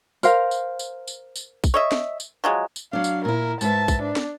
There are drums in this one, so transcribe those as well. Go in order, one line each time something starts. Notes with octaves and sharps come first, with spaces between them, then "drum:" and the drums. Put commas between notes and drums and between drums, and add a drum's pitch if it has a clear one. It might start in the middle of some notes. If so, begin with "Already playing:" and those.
A#4 C5 F5, drum: tambourine
drum: tambourine
drum: tambourine
drum: tambourine
drum: tambourine
drum: kick, tambourine
C#5 D#5 E5
drum: snare
drum: tambourine
F3 F#3 G#3
drum: tambourine
F#3 D4 F5
drum: tambourine
A#2 E4 A#4
G#2 B4 E5 A5, drum: tambourine
drum: kick, tambourine
D4
drum: snare